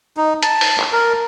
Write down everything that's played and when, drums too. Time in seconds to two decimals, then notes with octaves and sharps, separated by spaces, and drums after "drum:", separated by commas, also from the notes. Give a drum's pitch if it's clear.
0.17 D#4
0.43 A5, drum: hi-hat
0.61 drum: open hi-hat
0.80 drum: clap
0.92 A#4